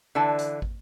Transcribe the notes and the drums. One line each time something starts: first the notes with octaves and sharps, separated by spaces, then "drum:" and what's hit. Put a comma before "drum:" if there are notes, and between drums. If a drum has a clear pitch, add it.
D3 E3 A5
drum: hi-hat
drum: kick